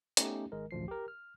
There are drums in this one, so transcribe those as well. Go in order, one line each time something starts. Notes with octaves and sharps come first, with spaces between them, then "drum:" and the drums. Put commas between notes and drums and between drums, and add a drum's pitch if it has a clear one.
A3 B3 C#4 D#4 G4, drum: hi-hat
G#1 D#3 G#3 A#4
A1 D2 F3 C7
G4 A#4
F6